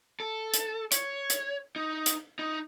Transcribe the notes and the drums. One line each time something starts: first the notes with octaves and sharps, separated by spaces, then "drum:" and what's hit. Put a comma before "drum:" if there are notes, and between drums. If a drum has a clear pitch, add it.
A4
drum: hi-hat
C#5, drum: hi-hat
drum: hi-hat
D#4
drum: hi-hat
D#4